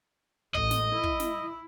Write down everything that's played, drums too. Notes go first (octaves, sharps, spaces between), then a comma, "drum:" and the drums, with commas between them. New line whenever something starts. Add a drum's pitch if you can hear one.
A1 D#5, drum: kick
drum: snare
E4
drum: kick
drum: snare